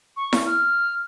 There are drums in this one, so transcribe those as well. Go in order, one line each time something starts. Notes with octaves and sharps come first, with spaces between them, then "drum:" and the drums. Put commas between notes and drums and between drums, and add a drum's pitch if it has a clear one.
C#6
drum: snare E4
F6